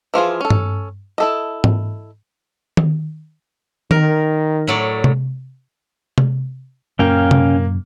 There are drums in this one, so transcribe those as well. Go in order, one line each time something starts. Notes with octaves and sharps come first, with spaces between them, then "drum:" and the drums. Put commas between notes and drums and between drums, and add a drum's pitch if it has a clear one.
E3 F3 F4 G#4
C#4 A4
drum: tom G2
E4 A4 D#5
drum: tom G#2
drum: tom D#3
D#3 A#4, drum: tom D#3
A2 F#3 D5
drum: tom C3
drum: tom C3
F#2 A#2 C#3 A#3 C#4 F5 G5
drum: tom C3